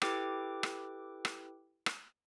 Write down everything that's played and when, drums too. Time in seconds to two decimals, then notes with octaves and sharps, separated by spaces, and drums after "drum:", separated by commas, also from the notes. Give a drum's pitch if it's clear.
0.02 E4 G4 A4 B4 G5 D6, drum: rim click
0.63 drum: rim click
1.25 drum: rim click
1.86 drum: rim click